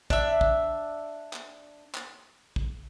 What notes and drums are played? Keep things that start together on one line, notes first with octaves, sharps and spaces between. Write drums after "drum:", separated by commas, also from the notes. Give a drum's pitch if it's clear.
D4 E5, drum: kick
drum: kick
drum: clap
drum: clap
drum: kick